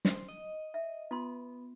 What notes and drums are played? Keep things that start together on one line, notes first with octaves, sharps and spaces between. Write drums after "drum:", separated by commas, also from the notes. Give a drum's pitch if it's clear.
C5, drum: snare
D#5
E5
B3 F4 C6